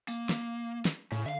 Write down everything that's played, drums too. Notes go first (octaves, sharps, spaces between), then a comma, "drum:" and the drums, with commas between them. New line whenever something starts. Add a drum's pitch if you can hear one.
A#3, drum: tambourine
drum: snare
drum: snare
A2 C#3
D3 E5 F5